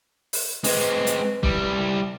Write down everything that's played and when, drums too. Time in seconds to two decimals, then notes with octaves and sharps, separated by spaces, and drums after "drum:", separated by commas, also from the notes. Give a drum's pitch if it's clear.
0.33 drum: open hi-hat
0.64 G#3 C4 B4, drum: open hi-hat
1.07 drum: hi-hat
1.43 G3 E4, drum: kick